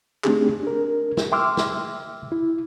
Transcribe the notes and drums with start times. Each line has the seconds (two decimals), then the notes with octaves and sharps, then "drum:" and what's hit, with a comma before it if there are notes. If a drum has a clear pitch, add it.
0.24 A3 C4 D4 D#4 G4 G#4, drum: clap
0.63 D4 A#4
1.17 drum: snare
1.32 E5 G5 C6 D6 E6 F6
1.57 drum: snare
2.32 E4